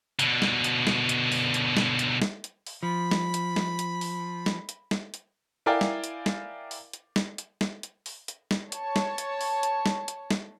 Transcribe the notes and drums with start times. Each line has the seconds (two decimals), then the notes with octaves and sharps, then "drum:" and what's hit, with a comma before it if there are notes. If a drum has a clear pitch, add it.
0.19 B2 D3, drum: hi-hat
0.42 drum: snare
0.64 drum: hi-hat
0.87 drum: snare
1.09 drum: hi-hat
1.32 drum: open hi-hat
1.54 drum: hi-hat
1.77 drum: snare
1.99 drum: hi-hat
2.22 drum: snare
2.44 drum: hi-hat
2.66 drum: open hi-hat
2.83 F3 B5
3.11 drum: snare
3.34 drum: hi-hat
3.56 drum: snare
3.79 drum: hi-hat
4.01 drum: open hi-hat
4.46 drum: snare
4.69 drum: hi-hat
4.91 drum: snare
5.14 drum: hi-hat
5.66 E4 A#4 D5 F5 G5 G#5
5.81 drum: snare
6.04 drum: hi-hat
6.26 drum: snare
6.71 drum: open hi-hat
6.93 drum: hi-hat
7.16 drum: snare
7.38 drum: hi-hat
7.61 drum: snare
7.83 drum: hi-hat
8.06 drum: open hi-hat
8.28 drum: hi-hat
8.51 drum: snare
8.72 C#5 A5, drum: hi-hat
8.96 drum: snare
9.18 drum: hi-hat
9.41 drum: open hi-hat
9.63 drum: hi-hat
9.86 drum: snare
10.08 drum: hi-hat
10.31 drum: snare